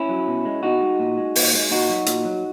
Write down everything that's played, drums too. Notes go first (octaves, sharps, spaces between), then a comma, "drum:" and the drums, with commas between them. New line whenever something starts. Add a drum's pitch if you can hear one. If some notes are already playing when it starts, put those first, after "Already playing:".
Already playing: C#4 E4
F#3
B2
G#3
B2 D#4 F#4
G#3
A#2
G#3
A#2, drum: open hi-hat
G#3
A#2 D#4 F#4
F#3
A#2, drum: hi-hat
F#3